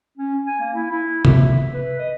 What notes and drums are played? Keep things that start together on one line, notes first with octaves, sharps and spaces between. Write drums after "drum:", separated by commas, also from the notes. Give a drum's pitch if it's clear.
C#4
G#5
A#3
E4
E4
E5, drum: tom
B4
D#5